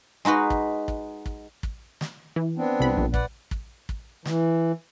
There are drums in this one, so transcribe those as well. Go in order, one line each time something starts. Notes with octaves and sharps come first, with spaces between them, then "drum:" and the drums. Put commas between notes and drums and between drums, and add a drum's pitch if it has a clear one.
G#3 D#4 F#4 B4
drum: kick
drum: kick
drum: kick
drum: kick
drum: snare
E3
B3 C4 D4
C2 B5
A#1
B4 D5 F#5, drum: kick
drum: kick
drum: kick
E3, drum: snare